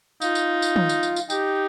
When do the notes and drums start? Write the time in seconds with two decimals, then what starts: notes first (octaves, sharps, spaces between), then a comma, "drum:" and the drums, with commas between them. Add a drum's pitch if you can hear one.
0.22 D#4 F4, drum: tambourine
0.35 drum: tambourine
0.62 drum: tambourine
0.76 drum: tom
0.89 drum: tambourine
1.03 drum: tambourine
1.16 drum: tambourine
1.30 D#4 G4, drum: tambourine